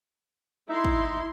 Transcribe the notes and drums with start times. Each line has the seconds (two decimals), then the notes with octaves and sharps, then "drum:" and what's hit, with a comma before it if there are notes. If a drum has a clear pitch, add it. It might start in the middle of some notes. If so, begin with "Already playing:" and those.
0.69 D#4 E4 E5 C6
0.84 drum: kick